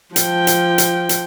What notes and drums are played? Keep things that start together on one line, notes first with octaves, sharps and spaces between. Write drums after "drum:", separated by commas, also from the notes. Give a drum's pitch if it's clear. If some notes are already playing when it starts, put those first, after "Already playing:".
F3 G5, drum: hi-hat
drum: hi-hat
drum: hi-hat
drum: hi-hat